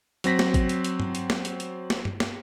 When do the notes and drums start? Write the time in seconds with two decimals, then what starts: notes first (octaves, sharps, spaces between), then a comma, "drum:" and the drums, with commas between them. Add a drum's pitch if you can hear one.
0.24 F#3 C4 A#6 B6, drum: hi-hat
0.39 drum: snare
0.54 drum: kick, hi-hat
0.69 drum: hi-hat
0.84 drum: hi-hat
1.00 drum: tom G2
1.15 drum: hi-hat
1.30 drum: snare
1.45 drum: hi-hat
1.60 drum: hi-hat
1.90 drum: snare
2.05 drum: tom G2
2.20 drum: snare